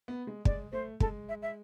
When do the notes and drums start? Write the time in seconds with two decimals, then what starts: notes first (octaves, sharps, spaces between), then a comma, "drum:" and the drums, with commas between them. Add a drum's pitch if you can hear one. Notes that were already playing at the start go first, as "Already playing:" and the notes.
0.08 B3
0.27 G#3
0.45 G#3 D5, drum: kick
0.72 A3 C5
1.00 G#3 A4, drum: kick
1.29 E5
1.42 E5